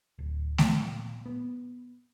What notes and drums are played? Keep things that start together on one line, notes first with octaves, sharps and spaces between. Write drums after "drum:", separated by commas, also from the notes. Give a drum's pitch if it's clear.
D1
A#2, drum: snare A3
B3